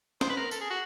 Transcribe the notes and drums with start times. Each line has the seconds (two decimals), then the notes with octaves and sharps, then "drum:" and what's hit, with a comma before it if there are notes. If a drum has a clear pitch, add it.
0.21 C5, drum: snare
0.29 B4
0.37 A#4
0.51 A4, drum: tambourine
0.61 G#4
0.70 F#4